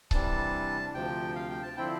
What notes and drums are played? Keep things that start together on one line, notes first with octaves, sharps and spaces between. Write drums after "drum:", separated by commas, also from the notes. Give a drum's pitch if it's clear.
C3 E3 G3 D4 A5, drum: kick C#1
D2 C3 F3 G5
F5
G5
A5
D3 F3 C4 E4 G5